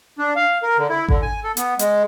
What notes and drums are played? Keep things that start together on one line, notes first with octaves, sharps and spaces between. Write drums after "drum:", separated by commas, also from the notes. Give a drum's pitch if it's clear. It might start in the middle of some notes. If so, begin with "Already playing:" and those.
D4
F5
A#4
D3
E4
D3, drum: kick G#1
G#5
A4
B3, drum: hi-hat
G#3, drum: hi-hat